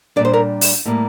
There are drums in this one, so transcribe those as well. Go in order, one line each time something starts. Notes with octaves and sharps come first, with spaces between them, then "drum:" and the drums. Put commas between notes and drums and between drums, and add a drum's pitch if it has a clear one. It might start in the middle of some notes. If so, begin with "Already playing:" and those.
A#2 G3 D4 D5
C5
A#4
drum: open hi-hat
A2 G3 A#3